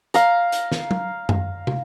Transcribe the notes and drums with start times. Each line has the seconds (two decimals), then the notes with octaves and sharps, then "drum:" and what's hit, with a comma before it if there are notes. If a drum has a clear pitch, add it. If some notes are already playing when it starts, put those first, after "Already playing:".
0.14 F5 A#5, drum: hi-hat
0.52 drum: hi-hat
0.72 drum: snare
0.91 drum: tom F#3
1.29 drum: tom F#2
1.67 drum: tom